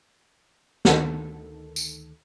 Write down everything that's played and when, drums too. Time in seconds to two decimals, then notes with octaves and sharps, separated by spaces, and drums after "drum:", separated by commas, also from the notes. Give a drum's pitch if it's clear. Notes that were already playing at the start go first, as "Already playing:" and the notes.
0.85 D2 D#3 A4, drum: snare
1.76 drum: tambourine